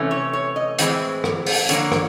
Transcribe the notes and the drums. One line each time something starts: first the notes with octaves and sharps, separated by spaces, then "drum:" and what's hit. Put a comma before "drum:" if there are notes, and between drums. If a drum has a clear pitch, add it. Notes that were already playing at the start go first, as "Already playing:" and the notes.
Already playing: C3 E3 A3 C#4
C#5
C#5
D#5
A2 E3 G#3 C4, drum: hi-hat
drum: rim click
drum: open hi-hat
D3 F3 A#3 C#5, drum: hi-hat
drum: rim click